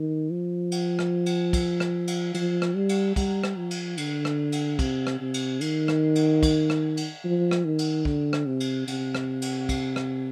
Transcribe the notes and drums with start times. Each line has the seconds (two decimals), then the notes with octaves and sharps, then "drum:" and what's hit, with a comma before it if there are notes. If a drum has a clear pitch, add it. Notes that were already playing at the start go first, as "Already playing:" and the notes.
Already playing: D#3
0.30 F3
0.72 drum: cymbal
0.99 drum: rim click
1.26 drum: cymbal
1.53 drum: kick, cymbal
1.80 drum: rim click
2.08 drum: cymbal
2.34 F3, drum: cymbal
2.62 drum: rim click
2.75 G3
2.89 drum: cymbal
3.16 G3, drum: kick, cymbal
3.44 drum: rim click
3.57 F3
3.71 drum: cymbal
3.97 D3, drum: cymbal
4.25 drum: rim click
4.52 drum: cymbal
4.79 C3, drum: kick, cymbal
5.07 drum: rim click
5.20 C3
5.34 drum: cymbal
5.61 D#3, drum: cymbal
5.88 drum: rim click
6.15 drum: cymbal
6.43 drum: kick, cymbal
6.70 drum: rim click
6.97 drum: cymbal
7.25 F3
7.51 drum: rim click
7.65 D#3
7.79 drum: cymbal
8.05 D3, drum: kick
8.33 drum: rim click
8.46 C3
8.60 drum: cymbal
8.87 C3, drum: cymbal
9.15 drum: rim click
9.42 drum: cymbal
9.69 drum: kick, cymbal
9.96 drum: rim click